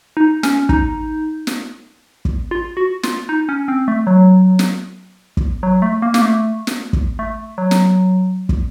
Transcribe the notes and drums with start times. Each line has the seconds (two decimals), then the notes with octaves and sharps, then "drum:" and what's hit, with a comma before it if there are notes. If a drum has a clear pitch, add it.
0.17 D#4
0.43 C#4, drum: snare
0.69 D#4, drum: kick
1.47 drum: snare
2.25 drum: kick
2.51 F4
2.77 F#4
3.03 F4, drum: snare
3.29 D#4
3.49 C#4
3.68 C4
3.88 A3
4.07 F#3
4.59 drum: snare
5.37 drum: kick
5.63 F#3
5.82 A3
6.02 A#3
6.14 A#3, drum: snare
6.21 A3
6.67 drum: snare
6.93 drum: kick
7.19 A3
7.58 F#3
7.71 drum: snare
8.49 drum: kick